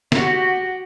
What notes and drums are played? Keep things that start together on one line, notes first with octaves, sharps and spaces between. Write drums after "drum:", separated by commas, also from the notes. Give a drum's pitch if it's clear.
F#4 G4, drum: snare